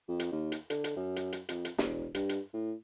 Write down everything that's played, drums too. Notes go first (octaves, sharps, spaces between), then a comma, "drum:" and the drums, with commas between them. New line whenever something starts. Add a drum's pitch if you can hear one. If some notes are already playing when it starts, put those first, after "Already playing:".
F2
drum: hi-hat
D#2
drum: hi-hat
D3, drum: hi-hat
drum: hi-hat
F#2
drum: hi-hat
drum: hi-hat
F2, drum: hi-hat
drum: hi-hat
E1, drum: snare
G2, drum: hi-hat
drum: hi-hat
A2